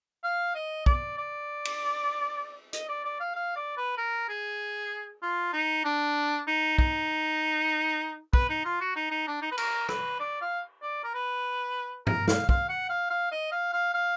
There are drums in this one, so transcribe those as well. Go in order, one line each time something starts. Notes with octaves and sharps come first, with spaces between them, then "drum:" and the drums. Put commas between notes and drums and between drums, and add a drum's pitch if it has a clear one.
F5
D#5
D5, drum: kick
D5
drum: cymbal
D#5, drum: hi-hat
D5
D5
F5
F5
D5
B4
A#4
G#4
F4
D#4
D4
D#4
D#4, drum: kick
B4, drum: kick
D#4
F4
F#4
D#4
D#4
D4
D#4
B4
A#4, drum: cymbal
B4, drum: rim click
D5
F5
D5
A#4
B4
A#4, drum: tom G2
F5, drum: snare
F5, drum: kick
F#5
F5
F5
D#5
F5
F5
F5